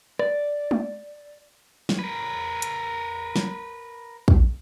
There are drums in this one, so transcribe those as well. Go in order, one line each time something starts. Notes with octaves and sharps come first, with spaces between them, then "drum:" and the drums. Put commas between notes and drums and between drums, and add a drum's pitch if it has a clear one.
D5, drum: rim click
drum: tom
drum: snare
A#4 B4
drum: hi-hat
drum: snare
drum: kick